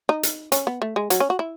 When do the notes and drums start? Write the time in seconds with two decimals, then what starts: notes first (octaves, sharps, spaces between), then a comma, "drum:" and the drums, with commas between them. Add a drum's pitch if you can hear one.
0.09 D#4
0.23 drum: hi-hat
0.52 C#4, drum: hi-hat
0.67 B3
0.82 A3
0.96 G#3
1.10 F#3, drum: hi-hat
1.20 C#4
1.30 F#4
1.39 E4